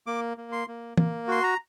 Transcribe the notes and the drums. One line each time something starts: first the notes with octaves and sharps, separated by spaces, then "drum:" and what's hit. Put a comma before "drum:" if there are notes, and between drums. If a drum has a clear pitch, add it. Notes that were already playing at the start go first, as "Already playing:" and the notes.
A#3 D6
A#3
C6
A#3
A#3, drum: tom E3
F#4 C6
A#5